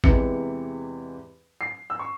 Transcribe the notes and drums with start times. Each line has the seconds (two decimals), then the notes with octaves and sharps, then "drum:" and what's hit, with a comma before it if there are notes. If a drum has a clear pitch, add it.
0.04 E2 C3 E3 G#3 C#7, drum: kick
1.61 C7
1.90 E6
1.99 C#6